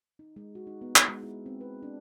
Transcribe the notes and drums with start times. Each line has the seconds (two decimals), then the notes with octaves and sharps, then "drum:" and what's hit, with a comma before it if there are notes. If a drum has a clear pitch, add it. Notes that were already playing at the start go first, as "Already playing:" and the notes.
0.19 D#4
0.36 G#3
0.55 F#4
0.67 D#4
0.82 B3
0.96 drum: clap
1.08 G#3
1.23 E4
1.46 C4
1.61 B4
1.83 D4